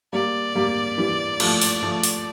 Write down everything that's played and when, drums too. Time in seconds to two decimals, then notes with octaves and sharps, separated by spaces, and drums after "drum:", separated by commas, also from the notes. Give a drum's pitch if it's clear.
0.13 G3 A#3 D5
0.55 G3 A#3
0.98 E3 G3
1.40 F3 A3, drum: cymbal
1.62 drum: open hi-hat
1.83 F3 A3
2.04 drum: open hi-hat